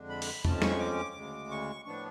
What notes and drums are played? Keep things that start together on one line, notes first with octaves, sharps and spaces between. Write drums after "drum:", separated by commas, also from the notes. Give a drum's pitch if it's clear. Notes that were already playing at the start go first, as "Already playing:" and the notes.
Already playing: F2 D3 G#3 D4
B5
drum: open hi-hat
F2 F3 G#3 C#4 A5, drum: tom
C#6, drum: snare
D6
D2 C#3 G#3
C#6
A2 F3 B3 D4 C#6